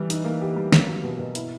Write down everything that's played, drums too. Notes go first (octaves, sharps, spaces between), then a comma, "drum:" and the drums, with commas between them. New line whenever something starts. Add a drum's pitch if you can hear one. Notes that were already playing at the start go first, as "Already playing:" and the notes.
Already playing: E3 G3
D#4, drum: hi-hat
A#3
G4
G3
A#3, drum: snare
F#3
B2
B2
E4, drum: hi-hat